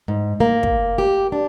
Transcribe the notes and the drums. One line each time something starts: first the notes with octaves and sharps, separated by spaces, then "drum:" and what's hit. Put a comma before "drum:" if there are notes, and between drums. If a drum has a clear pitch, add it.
G#2
A#3
drum: kick
G4
D4